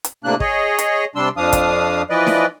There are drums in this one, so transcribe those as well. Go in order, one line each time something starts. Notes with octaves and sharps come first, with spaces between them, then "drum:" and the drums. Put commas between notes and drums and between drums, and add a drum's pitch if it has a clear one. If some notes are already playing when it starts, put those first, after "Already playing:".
drum: hi-hat
A2 C3 A#3 D4 F#6
G#4 C#5 D#5, drum: kick
drum: hi-hat
C3 G3 D4 C6 E6
F2 F3 D4 F5 D#6
drum: kick, hi-hat
E3 F3 B4 D5 D#5
drum: snare